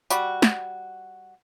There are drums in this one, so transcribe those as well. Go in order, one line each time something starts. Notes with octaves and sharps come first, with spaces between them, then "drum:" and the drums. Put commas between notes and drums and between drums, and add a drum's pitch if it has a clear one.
G3 F#4, drum: tambourine
drum: snare